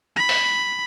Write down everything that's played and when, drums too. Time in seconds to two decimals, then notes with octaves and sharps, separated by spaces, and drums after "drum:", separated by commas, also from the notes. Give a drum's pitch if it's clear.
0.16 B5
0.29 drum: open hi-hat